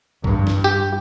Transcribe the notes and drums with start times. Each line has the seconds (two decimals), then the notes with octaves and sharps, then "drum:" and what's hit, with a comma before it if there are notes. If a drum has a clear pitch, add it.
0.24 G2, drum: kick B1
0.47 drum: snare
0.64 G4